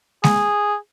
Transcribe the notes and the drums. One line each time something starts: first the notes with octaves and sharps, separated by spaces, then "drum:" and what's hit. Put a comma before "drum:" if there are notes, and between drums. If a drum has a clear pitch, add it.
G#4, drum: snare G#3